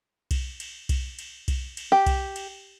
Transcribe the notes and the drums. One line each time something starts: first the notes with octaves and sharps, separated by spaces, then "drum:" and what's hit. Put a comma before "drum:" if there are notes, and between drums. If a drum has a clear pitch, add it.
drum: kick B1, cymbal
drum: cymbal
drum: kick B1, cymbal
drum: cymbal
drum: kick B1, cymbal
drum: cymbal
G4
drum: kick B1, cymbal
drum: cymbal